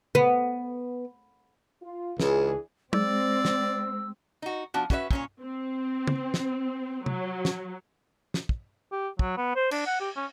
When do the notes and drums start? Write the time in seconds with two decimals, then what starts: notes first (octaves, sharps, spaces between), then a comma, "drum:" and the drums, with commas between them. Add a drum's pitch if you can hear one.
0.15 B3, drum: tom
1.82 F4
2.20 C#2 E3 D4 G#4, drum: snare
2.93 G#3 C4 D5 E6, drum: tom
3.45 drum: snare
4.42 D#4 F#4
4.74 F3 B3 D4 F#4
4.90 C#4 F#4 B4 C#5 E5, drum: kick
5.11 A#2 C#4 C#5, drum: kick
5.42 C4
6.07 drum: tom
6.34 drum: snare
7.06 F#3, drum: tom
7.45 drum: snare
8.34 drum: snare
8.49 drum: kick
8.92 G4
9.19 F#3, drum: kick
9.37 B3
9.56 C5
9.71 D4, drum: cymbal
9.86 F#5
10.00 G4
10.16 C#4